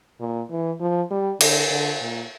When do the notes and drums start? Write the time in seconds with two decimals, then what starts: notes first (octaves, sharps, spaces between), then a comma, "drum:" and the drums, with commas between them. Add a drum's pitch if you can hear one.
0.20 A#2
0.50 E3
0.81 F3
1.11 G3
1.41 D3, drum: cymbal
1.70 D3
2.01 A#2